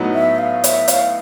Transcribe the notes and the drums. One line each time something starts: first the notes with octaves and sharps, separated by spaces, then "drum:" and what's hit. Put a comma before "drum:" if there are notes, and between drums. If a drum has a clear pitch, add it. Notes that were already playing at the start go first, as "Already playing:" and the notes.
Already playing: A2 F#3 B3 D#4
E5
F5
E5, drum: hi-hat
F5, drum: hi-hat